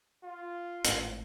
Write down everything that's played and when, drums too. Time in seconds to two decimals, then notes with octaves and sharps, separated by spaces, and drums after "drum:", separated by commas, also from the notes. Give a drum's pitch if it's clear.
0.24 F4
0.84 G#1 A2, drum: hi-hat